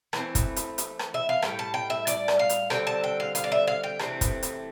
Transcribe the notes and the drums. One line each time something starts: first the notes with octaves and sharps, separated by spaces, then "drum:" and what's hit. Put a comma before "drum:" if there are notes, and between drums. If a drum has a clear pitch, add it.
E3 A3 C4, drum: rim click
drum: kick, hi-hat
drum: hi-hat
drum: hi-hat
drum: rim click
E5
F5
A2 G3 G5, drum: rim click
A5
G5
E5
D5, drum: hi-hat
drum: rim click
F5
drum: hi-hat
D3 G3 C4 G5, drum: rim click
A5
G5
F5
F5, drum: hi-hat
D5
E5
F5
G5
C3 E3 A3 C4, drum: rim click
drum: kick, hi-hat
drum: hi-hat